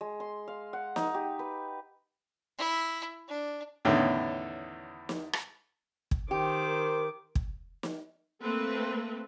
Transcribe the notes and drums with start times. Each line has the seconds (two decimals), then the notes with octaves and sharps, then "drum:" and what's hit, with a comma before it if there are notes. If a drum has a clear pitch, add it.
0.01 G#3
0.20 C6
0.48 F5
0.73 F#5
0.96 D#4, drum: snare
1.14 G4
1.39 B4
2.58 E4
3.28 D4
3.85 E2 A2 D3 D#3 C#4
5.09 drum: snare
5.33 drum: rim click
6.11 drum: kick
6.31 D#3 G4 C5 D6
6.67 A#4
7.35 drum: kick
7.83 drum: snare
8.43 A3 A#3 C4 A4 B4